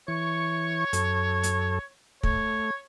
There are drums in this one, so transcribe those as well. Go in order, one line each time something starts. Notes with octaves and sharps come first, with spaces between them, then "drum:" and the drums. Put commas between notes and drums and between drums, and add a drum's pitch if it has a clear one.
E3 C#5 C#6
F#2 A4, drum: hi-hat
drum: hi-hat
A3 C#5, drum: kick